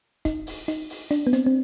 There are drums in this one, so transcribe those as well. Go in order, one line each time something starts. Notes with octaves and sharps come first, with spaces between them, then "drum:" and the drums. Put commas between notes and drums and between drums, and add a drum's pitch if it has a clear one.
D#4, drum: kick, hi-hat
drum: open hi-hat
D#4, drum: hi-hat
drum: open hi-hat
D4, drum: hi-hat
B3
C4, drum: hi-hat
C4